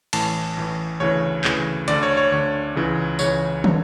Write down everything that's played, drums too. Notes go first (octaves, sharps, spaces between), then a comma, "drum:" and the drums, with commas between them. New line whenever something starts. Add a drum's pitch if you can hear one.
A1 A2 E3 A5, drum: cymbal
A1 A2 E3
D2 C#3 E3 C#5
D2 C#3 E3, drum: clap
D2 D3 D5, drum: hi-hat
C#5
C#5
D2 D3 C#5
C#2 C#3 E3
C#2 C#3 E3 C#5, drum: tambourine
D3, drum: tom